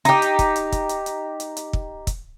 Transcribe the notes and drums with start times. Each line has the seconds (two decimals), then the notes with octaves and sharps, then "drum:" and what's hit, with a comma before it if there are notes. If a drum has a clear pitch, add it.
0.05 D#4 G4, drum: hi-hat
0.22 drum: hi-hat
0.39 drum: kick, hi-hat
0.56 drum: hi-hat
0.72 drum: kick, hi-hat
0.89 drum: hi-hat
1.06 drum: hi-hat
1.40 drum: hi-hat
1.57 drum: hi-hat
1.73 drum: kick
2.07 drum: kick, hi-hat